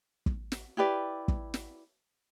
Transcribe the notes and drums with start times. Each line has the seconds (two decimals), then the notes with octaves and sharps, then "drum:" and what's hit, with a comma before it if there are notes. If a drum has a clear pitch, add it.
0.26 drum: kick
0.52 drum: snare
0.77 E4 G4 B4 D5
1.28 drum: kick
1.54 drum: snare